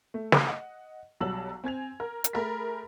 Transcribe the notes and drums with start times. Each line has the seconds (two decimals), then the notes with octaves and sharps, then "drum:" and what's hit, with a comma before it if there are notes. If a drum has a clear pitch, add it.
0.14 A3
0.32 drum: snare
0.47 D#5 F#5
1.20 B1 F#3 G3 A5 E6 F#7
1.64 C4 G#5 G#6 F7
2.00 A#4
2.24 drum: hi-hat
2.33 A3 G#4 A#4 B5 A6 B6